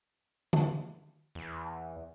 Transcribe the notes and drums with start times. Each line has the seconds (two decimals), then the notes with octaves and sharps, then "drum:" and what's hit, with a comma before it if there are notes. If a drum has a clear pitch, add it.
0.53 drum: tom D3
1.35 E2